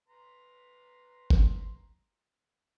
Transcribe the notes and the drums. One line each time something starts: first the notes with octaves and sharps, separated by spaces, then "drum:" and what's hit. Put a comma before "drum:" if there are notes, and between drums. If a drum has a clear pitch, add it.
B4 A#5 C6
drum: kick G1